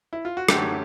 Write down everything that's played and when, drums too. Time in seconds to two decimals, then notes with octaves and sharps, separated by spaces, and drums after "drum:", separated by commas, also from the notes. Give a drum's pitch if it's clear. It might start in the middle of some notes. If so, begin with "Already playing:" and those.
0.13 E4
0.25 F4
0.37 F#4
0.48 F#2 D3 F#3 A3 C#4 G4, drum: rim click